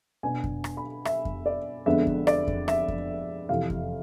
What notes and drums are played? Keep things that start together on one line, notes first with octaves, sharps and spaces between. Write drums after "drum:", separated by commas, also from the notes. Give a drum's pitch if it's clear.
B2 B3 D4 G#5
drum: kick F2
drum: rim click
B5
E5, drum: rim click
drum: kick F2
D5
F2 D3 G#3 B3 D4 E5
drum: kick F2
D5, drum: rim click
drum: kick F2
E5, drum: rim click
drum: kick F2
F2 C3 E3 F5
drum: kick F2